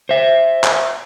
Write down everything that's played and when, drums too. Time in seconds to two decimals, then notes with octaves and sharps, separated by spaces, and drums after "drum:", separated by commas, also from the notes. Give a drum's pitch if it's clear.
0.09 C5 E5
0.64 drum: clap